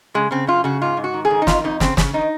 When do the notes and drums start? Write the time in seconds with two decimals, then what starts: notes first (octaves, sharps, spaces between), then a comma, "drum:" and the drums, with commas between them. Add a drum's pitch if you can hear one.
0.14 C#3 G#3
0.31 C#3 C4
0.47 F#2 F4
0.64 C#3 F#4
0.82 G#2 F4
0.97 G#2
1.04 F#4
1.14 D#3
1.25 G#4
1.31 D#3
1.42 D#4
1.47 F2 F4, drum: snare
1.64 F2 D#4
1.80 C#3 C4, drum: snare
1.97 C#3 C#4, drum: snare
2.13 D#3 D#4